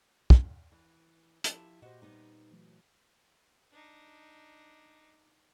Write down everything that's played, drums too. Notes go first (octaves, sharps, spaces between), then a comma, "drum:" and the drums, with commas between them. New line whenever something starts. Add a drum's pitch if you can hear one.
drum: kick
E3
F3 E4 G4 A5, drum: hi-hat
A#2 F#4 G4 C5 D#5 F#5
G3 B3 D#4
E3 F#3 A3
D4 D#4